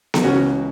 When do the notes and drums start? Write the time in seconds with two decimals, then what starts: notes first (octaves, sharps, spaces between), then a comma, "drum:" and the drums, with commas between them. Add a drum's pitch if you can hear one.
0.14 drum: snare B3
0.23 C#2 C#3 E3 C#4 F#4